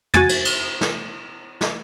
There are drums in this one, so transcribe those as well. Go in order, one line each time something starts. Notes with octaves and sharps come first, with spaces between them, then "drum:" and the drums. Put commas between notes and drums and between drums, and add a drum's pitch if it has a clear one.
F#4 G#5 A6, drum: tom
drum: cymbal
drum: cymbal
drum: snare
drum: snare